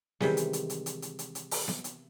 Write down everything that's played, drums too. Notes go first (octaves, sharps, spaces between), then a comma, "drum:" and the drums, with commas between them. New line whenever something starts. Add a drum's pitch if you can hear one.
C3 D#3 E3 G3 G#3, drum: snare B3
drum: hi-hat
drum: hi-hat
drum: hi-hat
drum: hi-hat
drum: hi-hat
drum: hi-hat
drum: hi-hat
drum: open hi-hat
drum: snare B3
drum: hi-hat